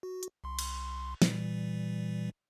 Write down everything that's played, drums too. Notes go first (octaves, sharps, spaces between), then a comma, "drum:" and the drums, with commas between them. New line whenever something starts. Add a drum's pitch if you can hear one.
F#4
drum: hi-hat
C2 C6
drum: cymbal
A#2 E3 G3, drum: snare